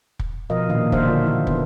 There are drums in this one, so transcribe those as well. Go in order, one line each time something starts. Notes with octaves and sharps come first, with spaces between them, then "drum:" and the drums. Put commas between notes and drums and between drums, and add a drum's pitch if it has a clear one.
drum: kick
B2 F3 A#4 D#5 F5
A#2 D#3 F3 D4 F5
D4 F#4 A#4 C5 E5 F5, drum: kick
D3 F4
E3 E4 E5
B3, drum: kick